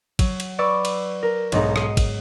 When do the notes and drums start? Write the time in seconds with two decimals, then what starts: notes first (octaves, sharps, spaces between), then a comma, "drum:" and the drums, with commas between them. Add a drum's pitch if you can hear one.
0.19 F#3, drum: kick, cymbal
0.40 drum: cymbal
0.58 B4 D5 C#6 D6 E6
0.85 drum: cymbal
1.23 A#4
1.52 B1 G#2 D#4, drum: cymbal
1.76 D#6 C7, drum: rim click
1.97 drum: kick, cymbal